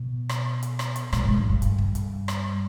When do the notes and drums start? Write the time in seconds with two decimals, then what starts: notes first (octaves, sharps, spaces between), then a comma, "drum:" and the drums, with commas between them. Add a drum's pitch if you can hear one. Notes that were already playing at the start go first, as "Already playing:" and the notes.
Already playing: B2
0.29 drum: rim click
0.63 drum: hi-hat
0.79 drum: rim click
0.96 drum: hi-hat
1.13 A#2, drum: rim click
1.25 G#2
1.38 G2
1.49 G2
1.62 drum: hi-hat
1.78 drum: kick
1.95 drum: hi-hat
2.28 drum: rim click